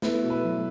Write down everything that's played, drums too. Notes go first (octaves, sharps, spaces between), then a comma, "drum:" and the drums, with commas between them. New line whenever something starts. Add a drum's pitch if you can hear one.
A3 B3 E4, drum: snare
B2
B4 E5
F#3